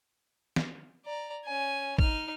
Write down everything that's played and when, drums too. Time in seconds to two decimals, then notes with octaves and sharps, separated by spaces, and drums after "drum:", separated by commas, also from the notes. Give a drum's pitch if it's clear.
0.56 drum: snare
1.05 D5 A#5
1.45 C#4 G#5
1.98 D#4 F6, drum: kick